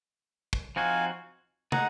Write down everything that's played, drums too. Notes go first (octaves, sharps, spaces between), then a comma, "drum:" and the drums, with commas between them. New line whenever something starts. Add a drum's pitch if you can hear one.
drum: kick
F3 C4 D#4 F#4 F5 G#5
G#3 D#4 G#4 F#5 A#5, drum: tom